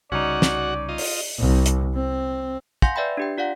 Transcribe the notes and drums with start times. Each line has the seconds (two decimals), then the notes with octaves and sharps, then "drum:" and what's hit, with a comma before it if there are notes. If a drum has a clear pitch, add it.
0.12 C2 C#3 G3 C#4 D#4 F#4 D5 F#5
0.42 drum: snare
0.89 F4 D#5
0.98 drum: open hi-hat
1.39 C2
1.66 drum: hi-hat
1.95 C4
2.82 F5 F#5 G#5 C6 G6 A#6, drum: kick
2.96 B4 D5 E5 G5 B5
3.17 D4 G4 G5
3.38 F4 D5 F5 F#5